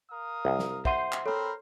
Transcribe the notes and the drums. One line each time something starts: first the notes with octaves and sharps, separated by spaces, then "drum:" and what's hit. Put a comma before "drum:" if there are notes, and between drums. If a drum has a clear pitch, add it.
A#4 F5 D#6
C2
drum: snare
C5 E5 F#5 C6 D#7, drum: kick
drum: clap
C4 A4 A#4 C#5 B5